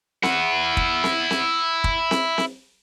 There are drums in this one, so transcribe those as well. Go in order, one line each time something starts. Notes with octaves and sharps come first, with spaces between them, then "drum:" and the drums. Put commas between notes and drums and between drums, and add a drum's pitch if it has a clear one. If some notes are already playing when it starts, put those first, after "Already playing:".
E4 F#5, drum: snare C4
drum: kick
drum: snare C4
drum: snare C4
drum: kick
drum: snare C4
drum: snare C4